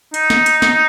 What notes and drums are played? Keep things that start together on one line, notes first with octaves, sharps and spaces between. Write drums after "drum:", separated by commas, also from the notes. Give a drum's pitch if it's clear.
D#4, drum: hi-hat
drum: snare
drum: hi-hat
drum: snare